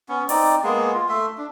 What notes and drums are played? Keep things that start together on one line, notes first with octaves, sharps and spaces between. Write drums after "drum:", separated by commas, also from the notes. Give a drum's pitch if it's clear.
B3 C#4
C4 D#4 D5, drum: open hi-hat
G#3 A#3 B3 G#4
F4
A3 E5 C6
D4